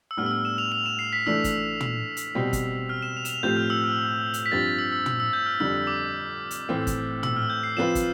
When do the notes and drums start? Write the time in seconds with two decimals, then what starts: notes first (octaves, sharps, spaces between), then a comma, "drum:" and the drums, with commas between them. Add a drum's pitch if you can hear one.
0.11 E6
0.17 A2 G3 B3 D4 F6
0.26 E6
0.31 F6
0.45 E7
0.58 F7
0.72 F7
0.86 E7
0.99 C7
1.13 B6
1.26 E3 A3 D4 E6
1.44 drum: kick, hi-hat
1.80 drum: tom
2.17 drum: hi-hat
2.35 B2 G3 C4 G4
2.53 drum: kick, hi-hat
2.89 F6
3.02 E7
3.17 F7
3.25 E7, drum: hi-hat
3.29 F7
3.43 A2 F3 C4 G4 G6
3.57 F6
3.70 E6
3.84 F6
4.34 drum: hi-hat
4.46 B6
4.52 G2 F3 C4 G4 A6
4.78 E6
4.92 E6
5.06 drum: tom
5.20 E6
5.33 G6
5.46 F6
5.60 F2 D3 G3 D4 E6
5.87 D6
6.51 drum: hi-hat
6.69 A2 E3 A3 C4
6.87 drum: kick, hi-hat
7.23 E6, drum: tom
7.36 F6
7.50 G6
7.63 C7
7.77 F3 C4 F4 B4 E7
7.95 drum: kick, hi-hat